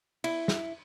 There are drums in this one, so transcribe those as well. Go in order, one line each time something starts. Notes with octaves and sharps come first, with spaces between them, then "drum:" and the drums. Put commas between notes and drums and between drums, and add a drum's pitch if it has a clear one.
E4, drum: cymbal
drum: snare